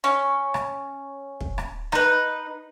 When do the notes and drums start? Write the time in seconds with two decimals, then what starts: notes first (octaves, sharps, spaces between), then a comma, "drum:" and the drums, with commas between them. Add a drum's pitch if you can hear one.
0.04 C#4
0.54 drum: rim click
1.41 drum: kick
1.58 drum: rim click
1.92 D#4 B4, drum: rim click